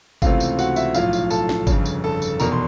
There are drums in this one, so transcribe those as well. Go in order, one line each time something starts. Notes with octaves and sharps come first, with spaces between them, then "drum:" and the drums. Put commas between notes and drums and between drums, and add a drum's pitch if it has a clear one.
C#2 C3 E3 A3 C4 F4 F5, drum: kick G1, tambourine
drum: tambourine
F#4 F#5, drum: tambourine
E4 E5, drum: tambourine
B1 A2 F3 F4 F5, drum: tambourine
drum: tambourine
A4 A5, drum: tambourine
drum: snare
G1 F2 C#3, drum: kick G1, tambourine
drum: tambourine
A4 A5
drum: tambourine
F1 E2 B2 A#4 A#5, drum: tambourine
C6